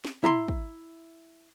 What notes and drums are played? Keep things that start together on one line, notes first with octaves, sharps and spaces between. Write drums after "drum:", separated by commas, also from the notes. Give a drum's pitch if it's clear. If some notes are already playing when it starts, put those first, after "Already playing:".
drum: snare
E4 A#5 C6, drum: tom
drum: kick